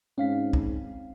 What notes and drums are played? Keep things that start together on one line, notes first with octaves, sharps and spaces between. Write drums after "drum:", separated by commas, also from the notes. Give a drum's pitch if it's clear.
G#2 C4 C#4 F5 B6
drum: kick